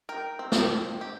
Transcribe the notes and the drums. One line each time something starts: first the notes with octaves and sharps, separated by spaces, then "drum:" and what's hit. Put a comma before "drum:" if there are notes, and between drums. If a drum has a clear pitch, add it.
A#4 G5
C4
drum: snare
C4
G4